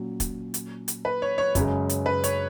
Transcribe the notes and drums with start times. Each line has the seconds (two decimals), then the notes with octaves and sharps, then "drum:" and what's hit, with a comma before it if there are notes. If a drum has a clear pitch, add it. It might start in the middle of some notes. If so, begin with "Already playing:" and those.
Already playing: A#2 F#3 C#4 F#4
0.20 drum: kick, hi-hat
0.54 drum: hi-hat
0.88 drum: hi-hat
1.05 B4
1.22 C#5
1.38 C#5
1.55 F#2 C#3 G#3, drum: kick, hi-hat
1.89 drum: hi-hat
2.06 B4
2.24 C#5, drum: hi-hat